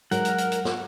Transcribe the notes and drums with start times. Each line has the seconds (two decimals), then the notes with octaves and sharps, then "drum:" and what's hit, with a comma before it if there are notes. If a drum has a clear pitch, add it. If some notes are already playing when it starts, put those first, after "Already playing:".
0.11 G#2 F#3 A#4 F#5, drum: hi-hat
0.25 drum: hi-hat
0.38 drum: hi-hat
0.52 drum: hi-hat
0.65 drum: snare